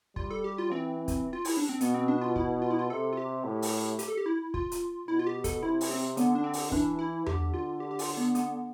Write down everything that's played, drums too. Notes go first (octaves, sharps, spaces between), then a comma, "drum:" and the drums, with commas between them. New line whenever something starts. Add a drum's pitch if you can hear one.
G3 F4, drum: kick
A4
G4
F4
E3 C4
drum: kick, hi-hat
F4
E4, drum: open hi-hat
D4
C4
B2 B3, drum: hi-hat
C4
D4
F4
E4, drum: kick
F4
E4
F4
C3 A4
F4
G4
A2
drum: open hi-hat
G4, drum: hi-hat
A4
G4
E4
F4, drum: kick
drum: hi-hat
B2 E4
F4
G4
A4, drum: kick, hi-hat
C3 E4
drum: open hi-hat
C4
D3 B3, drum: hi-hat
D4
C4
drum: open hi-hat
E3 D4, drum: kick
E4
D3 G4, drum: tom E2
F4
G4
G4
F4, drum: open hi-hat
B3
B3, drum: hi-hat